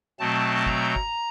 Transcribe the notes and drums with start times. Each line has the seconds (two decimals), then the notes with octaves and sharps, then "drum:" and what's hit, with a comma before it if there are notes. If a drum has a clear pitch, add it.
0.20 B2 F#3 A3 C4 A5
0.66 A#5, drum: kick
0.96 drum: kick